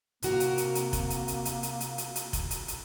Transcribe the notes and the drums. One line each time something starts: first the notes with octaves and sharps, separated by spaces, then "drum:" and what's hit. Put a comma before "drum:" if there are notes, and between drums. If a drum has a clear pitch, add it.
C3 A#3 F#4 A#4, drum: hi-hat
drum: hi-hat
drum: hi-hat
drum: hi-hat
drum: kick F1, hi-hat
drum: hi-hat
drum: hi-hat
drum: hi-hat
drum: hi-hat
drum: hi-hat
drum: hi-hat
drum: hi-hat
drum: kick F1, hi-hat
drum: hi-hat
drum: hi-hat